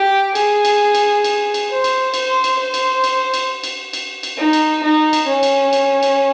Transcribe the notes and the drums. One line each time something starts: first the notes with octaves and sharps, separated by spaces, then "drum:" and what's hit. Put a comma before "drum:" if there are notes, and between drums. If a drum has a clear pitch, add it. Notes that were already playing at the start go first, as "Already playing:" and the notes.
Already playing: G4
G#4, drum: cymbal
drum: cymbal
drum: cymbal
drum: cymbal
drum: cymbal
C5
drum: cymbal
C5, drum: cymbal
drum: cymbal
C5
drum: cymbal
drum: cymbal
drum: cymbal
drum: cymbal
drum: cymbal
drum: cymbal
D#4
drum: cymbal
D#4
drum: cymbal
C#4
drum: cymbal
drum: cymbal
drum: cymbal